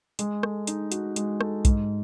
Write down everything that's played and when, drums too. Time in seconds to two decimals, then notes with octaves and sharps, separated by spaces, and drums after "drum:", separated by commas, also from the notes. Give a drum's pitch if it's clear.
0.19 G#3, drum: hi-hat
0.43 A4, drum: rim click
0.67 D#4, drum: hi-hat
0.92 F#4, drum: hi-hat
1.16 G#3, drum: hi-hat
1.41 A4, drum: rim click
1.65 G#2, drum: kick, hi-hat